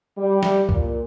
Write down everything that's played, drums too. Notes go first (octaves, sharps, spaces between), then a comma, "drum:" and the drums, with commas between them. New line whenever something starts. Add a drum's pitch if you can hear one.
G3
drum: snare
A#2, drum: kick C#2